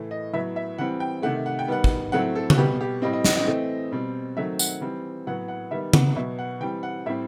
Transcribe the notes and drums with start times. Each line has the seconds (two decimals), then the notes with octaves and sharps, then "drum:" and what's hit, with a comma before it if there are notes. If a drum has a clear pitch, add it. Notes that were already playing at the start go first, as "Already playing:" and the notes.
Already playing: A2 E3 A3
0.11 D#5
0.33 A2 F#3 B3 E5
0.56 E5
0.78 E3 G3 C4 F#5
1.00 G5
1.22 C3 D#3 A3 F#5
1.46 F#5
1.59 G5
1.67 D#3 G3 B3 F#5
1.84 drum: kick
2.12 A2 F#3 A3 C4 F#5
2.35 A4
2.50 F#4, drum: tom C#3
2.58 B2 G3 B3 G4
2.81 G4
3.02 A2 G3 C4 D#5
3.13 D#5
3.24 D#5, drum: snare
3.36 D#5
3.47 E3 A3 C4
3.92 B2 G3 C4
4.36 D#3 F#3 A3 C4 E5
4.59 F#5, drum: tambourine
4.81 E3 G3 C4
5.27 A2 F#3 B3 F#5
5.48 F#5
5.71 D#3 G3 B3 E5
5.93 F#5, drum: tom C#3
6.16 B2 F#3 B3 E5
6.39 F#5
6.60 E3 G3 C4 G5
6.83 F#5
7.06 A2 G3 C4 E5